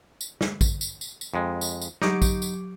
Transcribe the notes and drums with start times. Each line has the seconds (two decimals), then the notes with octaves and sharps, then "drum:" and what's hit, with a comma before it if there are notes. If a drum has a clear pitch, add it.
0.21 drum: tambourine
0.41 drum: snare
0.61 drum: kick A1, tambourine
0.81 drum: tambourine
1.01 drum: tambourine
1.21 drum: tambourine
1.34 F2 G#3
1.61 drum: tambourine
1.81 drum: tambourine
2.02 F#3 D#4 G4 D6, drum: snare
2.22 drum: kick A1, tambourine
2.42 drum: tambourine